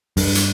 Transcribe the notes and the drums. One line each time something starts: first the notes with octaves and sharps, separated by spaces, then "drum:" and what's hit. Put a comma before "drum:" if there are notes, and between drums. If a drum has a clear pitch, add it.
G2, drum: open hi-hat
drum: hi-hat